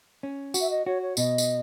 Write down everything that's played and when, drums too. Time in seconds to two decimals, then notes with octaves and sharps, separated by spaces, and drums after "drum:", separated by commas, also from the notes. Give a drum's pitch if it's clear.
0.23 C#4
0.54 F#4, drum: tambourine
0.60 E5
0.70 D#5
0.86 F#4 C#5
1.02 C#5
1.17 B2 D#5, drum: tambourine
1.38 drum: tambourine